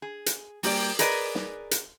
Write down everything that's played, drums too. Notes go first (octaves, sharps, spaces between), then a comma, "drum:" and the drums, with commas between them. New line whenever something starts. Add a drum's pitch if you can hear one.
G#4
drum: hi-hat
G3 A#3 G4 D5, drum: open hi-hat
G#4 A#4 B4 D5 D#5, drum: hi-hat
drum: snare
drum: hi-hat